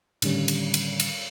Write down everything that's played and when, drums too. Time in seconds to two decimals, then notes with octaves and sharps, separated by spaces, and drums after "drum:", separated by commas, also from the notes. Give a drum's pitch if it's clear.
0.22 A2 D3 D#3 G3 C#4, drum: cymbal
0.48 drum: cymbal
0.74 drum: cymbal
1.00 drum: cymbal